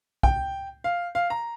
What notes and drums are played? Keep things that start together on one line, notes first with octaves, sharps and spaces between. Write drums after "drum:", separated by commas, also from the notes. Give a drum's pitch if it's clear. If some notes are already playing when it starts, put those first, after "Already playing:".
G5, drum: kick
F5
F5
A#5